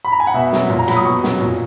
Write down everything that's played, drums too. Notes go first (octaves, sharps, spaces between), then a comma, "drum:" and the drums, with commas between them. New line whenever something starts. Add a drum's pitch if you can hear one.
B5
A#5
G#5
F#5
B2 E5
F#3, drum: snare
A#2
A#5
F#3 B5, drum: hi-hat
D#6
B2 C#6
F#3, drum: snare
A#2